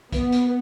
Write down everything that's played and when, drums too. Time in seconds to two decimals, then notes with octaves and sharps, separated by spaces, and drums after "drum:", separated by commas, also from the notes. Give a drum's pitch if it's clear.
0.12 B3, drum: kick, hi-hat
0.32 drum: hi-hat